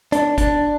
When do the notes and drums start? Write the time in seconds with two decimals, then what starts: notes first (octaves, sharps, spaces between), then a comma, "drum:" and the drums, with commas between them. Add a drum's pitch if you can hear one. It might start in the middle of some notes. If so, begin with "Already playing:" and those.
0.12 D4, drum: hi-hat
0.38 D4, drum: kick, hi-hat